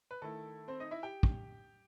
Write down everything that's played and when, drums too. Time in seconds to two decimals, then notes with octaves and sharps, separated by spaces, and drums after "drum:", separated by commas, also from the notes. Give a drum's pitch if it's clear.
0.11 B4
0.22 D#3 A3 E4 A4
0.68 C4 C5
0.80 D#4 D#5
0.91 E4 E5
1.03 G4 G5
1.23 drum: kick